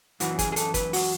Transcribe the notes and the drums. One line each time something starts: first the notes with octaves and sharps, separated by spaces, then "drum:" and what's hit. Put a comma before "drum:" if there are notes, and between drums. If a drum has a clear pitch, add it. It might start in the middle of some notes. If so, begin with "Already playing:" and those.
F#2 E3 F#4, drum: hi-hat
G#4, drum: kick, hi-hat
G#4
A4, drum: hi-hat
B4, drum: kick, hi-hat
F#4, drum: open hi-hat